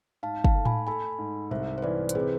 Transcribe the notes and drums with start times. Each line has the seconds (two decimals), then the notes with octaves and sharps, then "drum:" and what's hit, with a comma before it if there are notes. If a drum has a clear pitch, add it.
0.23 G#2 F5 A5
0.44 F5 A5, drum: kick
0.55 A3
0.65 G#5 B5, drum: tom A2
0.87 A4 G#5 B5
1.19 G#2
1.51 C2 C5 E5
1.78 C5
1.82 E3 B4 D5
2.09 C5, drum: hi-hat
2.15 C3 G#4 B4